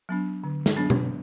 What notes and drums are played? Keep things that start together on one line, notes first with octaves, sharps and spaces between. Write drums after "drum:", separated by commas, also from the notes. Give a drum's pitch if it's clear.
F#3 B3 D4
D3
drum: snare
F#3 B3 D4
drum: tom B2